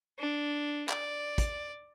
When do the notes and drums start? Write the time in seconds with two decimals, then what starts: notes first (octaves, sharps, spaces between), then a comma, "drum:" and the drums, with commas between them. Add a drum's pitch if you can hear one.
0.19 D4
0.89 D5, drum: clap
1.38 drum: kick, hi-hat